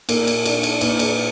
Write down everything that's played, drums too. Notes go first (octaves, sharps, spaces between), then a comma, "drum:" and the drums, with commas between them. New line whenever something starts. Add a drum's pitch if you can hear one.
A#2 A#4, drum: cymbal
drum: cymbal
D4, drum: cymbal
drum: cymbal
A#2 B4, drum: cymbal
drum: cymbal